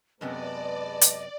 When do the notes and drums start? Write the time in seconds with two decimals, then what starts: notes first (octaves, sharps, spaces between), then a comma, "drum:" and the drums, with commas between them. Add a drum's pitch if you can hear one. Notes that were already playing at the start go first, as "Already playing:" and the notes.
0.21 F#2 C3 G#3 B3 B4 D5 D#5 A5
1.01 drum: hi-hat